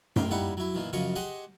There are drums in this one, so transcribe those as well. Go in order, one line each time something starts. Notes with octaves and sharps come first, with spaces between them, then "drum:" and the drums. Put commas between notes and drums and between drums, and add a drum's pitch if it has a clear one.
D#2 A2 A#4 G5 C6, drum: tom F#2
D#2 G3 D#4 E4 F#5
F#3 E4
A#2 D#3 E3
F#2 C#3 F3 D#5 C#6
G4 G#4 C5 D#5 F#5